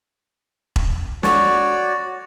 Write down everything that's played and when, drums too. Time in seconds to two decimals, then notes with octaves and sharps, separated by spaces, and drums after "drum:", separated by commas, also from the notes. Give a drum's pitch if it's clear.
0.76 drum: kick E1
1.23 F#4 C#5 D5, drum: snare